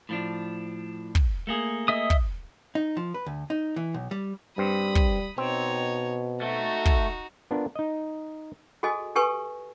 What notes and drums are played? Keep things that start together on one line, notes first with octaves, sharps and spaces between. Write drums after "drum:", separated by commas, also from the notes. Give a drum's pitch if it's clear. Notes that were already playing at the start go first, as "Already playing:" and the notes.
A2 F3 D4
drum: kick
A3 A#3 G#4
D#5 E5 D#6
drum: kick
D#4
F3
B4
D2
D#4
E3
B1
G3
G2 G3 C4 B5 D#6
drum: kick
B2 C4 D#4 C#5
A3 D#4 F#4
drum: kick
B3 D4 F4 A#4
D#4 D#5
F#4 G#4 A4 D#5 G#5
G4 A4 B4 G#5 C#6